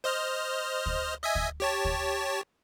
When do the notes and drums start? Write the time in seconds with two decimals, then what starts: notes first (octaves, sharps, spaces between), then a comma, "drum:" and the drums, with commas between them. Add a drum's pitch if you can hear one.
0.04 C5 D#5 F6
0.86 drum: kick
1.22 D#5 E5 G#5
1.35 drum: kick
1.60 G4 C#5 A5
1.85 drum: kick